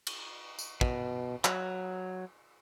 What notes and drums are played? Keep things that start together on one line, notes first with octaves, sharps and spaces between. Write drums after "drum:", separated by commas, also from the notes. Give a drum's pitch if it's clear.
drum: cymbal
drum: tambourine
B2, drum: kick
F#3, drum: clap